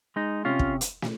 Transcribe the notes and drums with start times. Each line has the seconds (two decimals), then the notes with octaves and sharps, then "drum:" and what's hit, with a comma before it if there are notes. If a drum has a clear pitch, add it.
0.16 G#3 D#4
0.45 C3 C#4 F4
0.59 drum: kick
0.81 drum: hi-hat
1.02 drum: snare